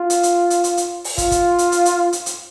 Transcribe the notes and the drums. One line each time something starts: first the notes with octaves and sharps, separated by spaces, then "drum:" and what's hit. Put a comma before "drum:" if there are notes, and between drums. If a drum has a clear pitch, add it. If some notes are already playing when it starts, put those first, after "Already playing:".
Already playing: F4
drum: hi-hat
drum: hi-hat
drum: hi-hat
drum: hi-hat
drum: hi-hat
drum: open hi-hat
F4, drum: kick, hi-hat
drum: kick, hi-hat
drum: hi-hat
drum: hi-hat
drum: hi-hat
drum: hi-hat
drum: hi-hat